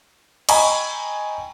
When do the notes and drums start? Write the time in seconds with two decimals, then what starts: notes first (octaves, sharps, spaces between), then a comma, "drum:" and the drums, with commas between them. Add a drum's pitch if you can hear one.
0.49 D#5 G5 G#5 A#5 B5 C#6, drum: cymbal